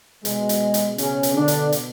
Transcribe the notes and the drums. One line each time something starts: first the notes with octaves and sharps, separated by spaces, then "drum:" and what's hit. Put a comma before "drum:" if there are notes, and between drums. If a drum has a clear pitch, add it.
B2 G#3, drum: hi-hat
drum: hi-hat
drum: hi-hat
C#3 C#4, drum: hi-hat
drum: hi-hat
D3 D4
drum: hi-hat
drum: hi-hat